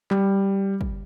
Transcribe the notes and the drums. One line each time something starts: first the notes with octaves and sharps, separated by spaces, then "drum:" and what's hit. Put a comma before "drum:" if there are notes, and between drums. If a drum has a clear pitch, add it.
G3, drum: clap
drum: kick